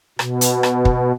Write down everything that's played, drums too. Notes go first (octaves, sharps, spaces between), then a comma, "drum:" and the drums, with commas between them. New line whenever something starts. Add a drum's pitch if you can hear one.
B2, drum: rim click
drum: hi-hat
drum: rim click
drum: kick